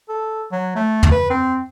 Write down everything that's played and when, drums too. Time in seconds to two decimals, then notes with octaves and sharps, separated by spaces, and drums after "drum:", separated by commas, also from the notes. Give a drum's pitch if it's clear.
0.09 A4
0.52 F#3
0.75 A3
1.03 drum: tom
1.12 B4
1.30 C4